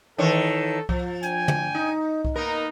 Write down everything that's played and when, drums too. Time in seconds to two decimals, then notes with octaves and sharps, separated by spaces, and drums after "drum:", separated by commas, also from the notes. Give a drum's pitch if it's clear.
0.18 D#3 E3 A4 C#5
0.89 F3, drum: kick C2
1.23 D4 G5 G#5, drum: hi-hat
1.48 drum: tom
1.75 D#4
2.25 drum: kick C2
2.36 A#3 B3 D#4 A#4